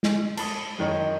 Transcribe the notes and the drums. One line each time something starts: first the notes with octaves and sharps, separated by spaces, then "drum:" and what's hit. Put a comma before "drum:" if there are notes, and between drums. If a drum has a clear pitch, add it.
drum: snare
A5 B5 D#6, drum: cymbal
F#2 D#3 C#5 D#5